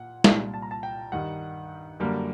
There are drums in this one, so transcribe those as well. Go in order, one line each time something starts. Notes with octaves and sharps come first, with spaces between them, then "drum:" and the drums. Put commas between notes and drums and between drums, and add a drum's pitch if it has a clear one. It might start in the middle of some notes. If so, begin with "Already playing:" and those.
Already playing: A#2 F#5
C2 A#2 G3 A5, drum: snare
A5
A#5
A5
G5
G2 D#3 G3 F#5
F#2 D3 G3 A#3